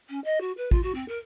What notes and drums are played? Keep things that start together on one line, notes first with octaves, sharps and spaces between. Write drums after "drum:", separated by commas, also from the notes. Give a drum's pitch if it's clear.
C#4
D#5
F#4
B4
F4, drum: kick A1
F#4
C4
A#4